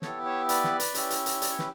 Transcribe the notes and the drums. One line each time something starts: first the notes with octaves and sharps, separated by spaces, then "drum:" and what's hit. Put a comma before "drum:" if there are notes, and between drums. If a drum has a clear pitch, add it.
B3 E4 G4 A4 C#5, drum: snare
C#5 E5
B4 D5, drum: hi-hat
drum: snare
drum: hi-hat
C#4 E4 G4, drum: hi-hat
drum: hi-hat
drum: hi-hat
D5, drum: hi-hat
C#5
B4, drum: snare